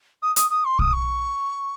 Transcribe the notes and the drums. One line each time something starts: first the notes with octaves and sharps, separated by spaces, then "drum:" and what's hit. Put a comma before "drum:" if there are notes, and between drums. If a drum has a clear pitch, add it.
D#6
D#6, drum: hi-hat
D#6
C6
D#6, drum: kick
C#6